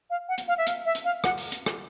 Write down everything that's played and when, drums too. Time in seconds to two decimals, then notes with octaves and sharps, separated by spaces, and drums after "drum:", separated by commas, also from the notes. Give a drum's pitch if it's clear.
0.10 F5
0.28 F#5
0.38 drum: hi-hat
0.48 F5
0.58 E5
0.67 F5, drum: hi-hat
0.85 E5
0.95 drum: hi-hat
1.04 F5
1.24 F#5, drum: rim click
1.38 drum: open hi-hat
1.52 drum: hi-hat
1.66 drum: rim click